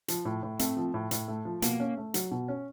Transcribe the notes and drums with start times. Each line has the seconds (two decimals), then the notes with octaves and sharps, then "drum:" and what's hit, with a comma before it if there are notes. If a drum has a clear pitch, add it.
0.08 F3, drum: hi-hat
0.25 A2
0.43 A2
0.59 A3 C4, drum: hi-hat
0.77 F3
0.94 A2
1.11 A2, drum: hi-hat
1.28 A3
1.45 F3
1.62 B2 A#3, drum: hi-hat
1.80 C#4
1.97 A3
2.14 F#3, drum: hi-hat
2.31 B2
2.48 C#4